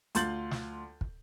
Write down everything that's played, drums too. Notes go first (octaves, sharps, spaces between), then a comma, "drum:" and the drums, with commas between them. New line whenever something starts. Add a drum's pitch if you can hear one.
D2 F4 C6 G6 A6 F#7, drum: hi-hat
drum: snare
drum: kick